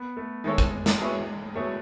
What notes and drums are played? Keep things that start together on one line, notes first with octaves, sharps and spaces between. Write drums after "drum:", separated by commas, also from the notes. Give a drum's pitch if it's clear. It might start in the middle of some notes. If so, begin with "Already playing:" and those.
Already playing: B3
A3
D#3 G#3 A3 E4 A4 C#5
drum: kick
drum: snare
F#3 B3 E4 G#4 C#5
F#3 A3 B3 E4 G#4 C#5